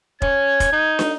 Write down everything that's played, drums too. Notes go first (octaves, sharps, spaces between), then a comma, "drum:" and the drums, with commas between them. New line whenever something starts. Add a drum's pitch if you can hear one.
C#4 G#6, drum: kick F1
drum: kick F1, hi-hat
D#4
drum: snare